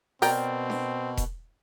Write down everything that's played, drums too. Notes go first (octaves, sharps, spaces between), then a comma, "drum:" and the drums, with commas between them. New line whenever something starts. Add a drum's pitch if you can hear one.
B2 C4 A#4 D5 G5, drum: open hi-hat
drum: snare D4
drum: kick E1, hi-hat